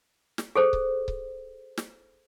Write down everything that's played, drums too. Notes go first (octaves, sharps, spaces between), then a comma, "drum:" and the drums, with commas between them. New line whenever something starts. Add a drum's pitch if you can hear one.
drum: snare
G#4 A4 C5
drum: kick C#1
drum: kick C#1
drum: snare